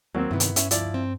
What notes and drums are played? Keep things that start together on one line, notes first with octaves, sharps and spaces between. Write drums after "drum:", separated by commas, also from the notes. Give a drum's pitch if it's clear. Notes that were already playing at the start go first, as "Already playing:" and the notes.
D#2 F#3 A#3 C4
G2 C3 D#3 B3 E4
drum: hi-hat
C#4 E5, drum: hi-hat
D2 F3 E4 D5, drum: hi-hat
C4